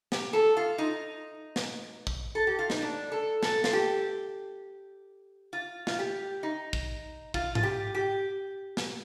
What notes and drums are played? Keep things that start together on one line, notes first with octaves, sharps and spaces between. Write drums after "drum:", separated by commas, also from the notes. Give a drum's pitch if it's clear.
G4, drum: snare
A4
F4
D#4
drum: snare
drum: kick
A4
G4
F4
D#4, drum: snare
D4
A4
A4, drum: snare
F4, drum: snare
G4
F4
F4, drum: snare
G4
D#4
drum: kick
F4, drum: kick
F4, drum: tom G#2
G4
G4
drum: snare